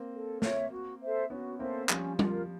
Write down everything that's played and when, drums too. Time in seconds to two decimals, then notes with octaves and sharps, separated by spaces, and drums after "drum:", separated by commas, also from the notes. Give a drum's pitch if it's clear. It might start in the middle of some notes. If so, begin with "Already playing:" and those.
Already playing: A#3 C4
0.13 A4
0.42 C#5 E5, drum: snare
0.71 F#4
1.02 A4 C5 E5
1.30 B3 C#4 F#4
1.60 A#3 C4 A4 C5 E5
1.89 F3 G3 C#4, drum: clap
2.19 F4 A#4, drum: tom